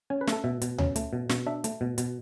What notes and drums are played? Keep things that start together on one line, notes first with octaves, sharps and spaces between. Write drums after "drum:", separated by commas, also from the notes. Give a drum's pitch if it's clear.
C#4 G#5
B4
A3, drum: snare
A4
B2 E5
B2, drum: hi-hat
C#4, drum: tom D2
A3, drum: hi-hat
B2
B2, drum: snare
D4 E5
A3, drum: hi-hat
B2
B2, drum: hi-hat